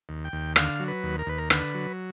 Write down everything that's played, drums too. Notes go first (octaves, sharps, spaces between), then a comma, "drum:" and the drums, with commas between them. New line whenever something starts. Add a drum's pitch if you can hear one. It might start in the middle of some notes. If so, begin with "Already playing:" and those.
D#2
G5
D#2
D3 F5, drum: rim click
F#3
B4
D#2
A#4
D#2 B4
A#4
D3 B4, drum: rim click
F#3